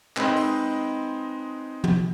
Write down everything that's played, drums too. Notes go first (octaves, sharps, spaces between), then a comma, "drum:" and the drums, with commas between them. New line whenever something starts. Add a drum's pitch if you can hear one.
G#3 C4 D#4 B4 C5 D#5, drum: clap
drum: open hi-hat
drum: tom